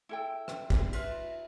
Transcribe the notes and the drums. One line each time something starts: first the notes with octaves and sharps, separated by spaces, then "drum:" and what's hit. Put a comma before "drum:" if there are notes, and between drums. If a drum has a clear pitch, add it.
E4 A4 G5
drum: rim click
drum: kick
F4 B4 E5, drum: cymbal